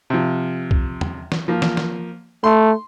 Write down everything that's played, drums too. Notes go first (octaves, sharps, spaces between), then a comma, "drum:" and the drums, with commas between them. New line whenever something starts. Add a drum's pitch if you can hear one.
C3 F3
drum: kick B1
drum: tom
drum: snare
F3 A#3
drum: snare
drum: snare
A3 C6